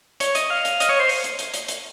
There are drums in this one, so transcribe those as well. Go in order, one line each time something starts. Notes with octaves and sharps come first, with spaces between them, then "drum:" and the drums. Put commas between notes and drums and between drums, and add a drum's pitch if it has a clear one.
C#5, drum: hi-hat
D#5, drum: hi-hat
F5
drum: hi-hat
D#5, drum: hi-hat
C#5
C5
drum: open hi-hat
drum: hi-hat
drum: hi-hat
drum: hi-hat
drum: hi-hat